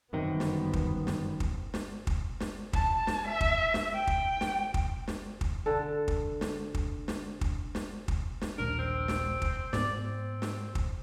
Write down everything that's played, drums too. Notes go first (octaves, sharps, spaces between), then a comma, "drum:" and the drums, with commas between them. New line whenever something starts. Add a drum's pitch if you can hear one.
G1 F#2 C3 D#3 B3
drum: snare
drum: kick
drum: snare
drum: kick
drum: snare
drum: kick
drum: snare
A5, drum: kick
drum: snare
E5
drum: kick
drum: snare
G5
drum: kick
drum: snare
drum: kick
drum: snare
drum: kick
D3 A4
drum: kick
drum: snare
drum: kick
drum: snare
drum: kick
drum: snare
drum: kick
drum: snare
D#1 A#1 D4 A#4
C4
drum: snare
drum: kick
G#2 B3 D5, drum: snare
C4
drum: snare
drum: kick